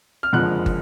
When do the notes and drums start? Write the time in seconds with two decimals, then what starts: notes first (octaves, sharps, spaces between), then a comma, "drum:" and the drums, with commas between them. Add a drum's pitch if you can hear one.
0.23 F6
0.33 F#1 F2 D3 F3 G#3 F#6
0.66 drum: kick